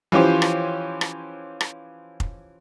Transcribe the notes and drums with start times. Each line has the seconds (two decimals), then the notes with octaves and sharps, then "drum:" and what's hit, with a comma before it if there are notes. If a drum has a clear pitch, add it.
0.12 E3 F3 C#4 G4 C5
0.42 drum: rim click
1.01 drum: rim click
1.61 drum: rim click
2.20 drum: kick F1